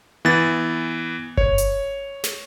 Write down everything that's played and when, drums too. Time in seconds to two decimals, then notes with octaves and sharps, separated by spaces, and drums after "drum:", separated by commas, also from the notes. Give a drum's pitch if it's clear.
0.25 E3 B3 A6
1.37 C#5, drum: kick G1
1.58 drum: hi-hat
2.24 drum: snare